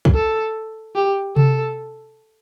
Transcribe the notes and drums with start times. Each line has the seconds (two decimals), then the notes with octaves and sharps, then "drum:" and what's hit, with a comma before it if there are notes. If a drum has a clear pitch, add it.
0.05 drum: kick
0.15 A4
0.95 G4
1.36 A4, drum: tom C3